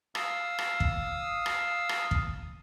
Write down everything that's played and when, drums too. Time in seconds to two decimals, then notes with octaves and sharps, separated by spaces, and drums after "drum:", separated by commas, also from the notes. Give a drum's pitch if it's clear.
0.15 F5 D#6 E6, drum: rim click
0.59 drum: rim click
0.80 drum: kick
1.46 drum: rim click
1.89 drum: rim click
2.11 drum: kick